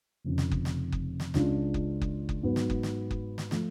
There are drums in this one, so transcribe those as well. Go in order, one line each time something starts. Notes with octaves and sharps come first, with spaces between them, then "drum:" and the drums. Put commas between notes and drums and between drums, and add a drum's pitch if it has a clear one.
F1 F2 C#3
drum: snare
drum: kick F#1
drum: snare
drum: kick F#1
drum: snare
C#2 C#3 G#3 D4 F4, drum: snare
drum: kick F#1
drum: kick F#1
drum: kick F#1
G#2 F#3 B3
drum: snare
drum: kick F#1
drum: snare
drum: kick F#1
drum: snare
F3 A3 F4, drum: snare